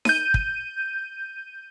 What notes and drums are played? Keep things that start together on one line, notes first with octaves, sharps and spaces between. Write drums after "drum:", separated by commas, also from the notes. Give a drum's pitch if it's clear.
G6 D#7, drum: snare D#4
drum: kick